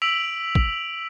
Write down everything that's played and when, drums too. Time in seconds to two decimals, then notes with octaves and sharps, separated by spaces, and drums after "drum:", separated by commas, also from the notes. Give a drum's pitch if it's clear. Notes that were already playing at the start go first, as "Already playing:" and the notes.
0.02 E6 B6 D7 F7 F#7
0.55 drum: kick